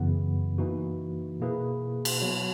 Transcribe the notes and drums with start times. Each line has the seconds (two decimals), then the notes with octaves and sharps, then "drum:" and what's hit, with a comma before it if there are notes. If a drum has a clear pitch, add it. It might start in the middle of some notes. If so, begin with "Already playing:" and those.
Already playing: F#2 C#3 E3 B3
0.58 E3 A#3 D#4 F#4
1.40 B2 A#3 E4 G#4 B4
2.05 drum: cymbal
2.22 F#3 B3 F#4 C#5